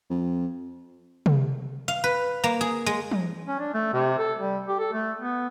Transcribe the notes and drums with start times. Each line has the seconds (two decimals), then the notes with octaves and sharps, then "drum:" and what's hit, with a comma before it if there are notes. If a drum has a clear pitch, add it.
0.10 F2
1.26 drum: tom C3
1.88 F5
2.04 B4
2.44 A#3
2.61 G#4
2.86 G#3
3.11 drum: tom
3.48 C#4
3.59 D4
3.74 A3
3.93 C3
4.18 A4
4.38 G3
4.68 G4
4.79 A4
4.93 A3
5.19 B3